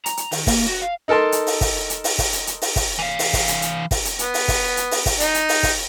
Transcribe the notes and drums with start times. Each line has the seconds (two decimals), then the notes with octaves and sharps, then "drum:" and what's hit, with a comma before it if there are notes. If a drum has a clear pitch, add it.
0.06 A#5, drum: hi-hat
0.17 drum: hi-hat
0.32 D#3, drum: open hi-hat
0.47 A#3, drum: kick, open hi-hat
0.67 F#4
0.82 F5
1.08 D#4 A4 A#4 A5 C6
1.32 drum: hi-hat
1.47 drum: open hi-hat
1.61 drum: kick, open hi-hat
1.90 drum: hi-hat
2.04 drum: open hi-hat
2.18 drum: kick, open hi-hat
2.33 drum: hi-hat
2.47 drum: hi-hat
2.62 drum: open hi-hat
2.76 drum: kick, open hi-hat
2.99 E3 F5
3.19 drum: open hi-hat
3.33 drum: kick, open hi-hat
3.48 drum: hi-hat
3.62 drum: hi-hat
3.91 drum: kick, open hi-hat
4.05 drum: hi-hat
4.19 B3, drum: hi-hat
4.34 drum: open hi-hat
4.48 drum: kick, open hi-hat
4.77 drum: hi-hat
4.91 drum: open hi-hat
5.06 drum: kick, open hi-hat
5.20 D#4, drum: hi-hat
5.34 drum: hi-hat
5.49 drum: open hi-hat
5.63 drum: kick, open hi-hat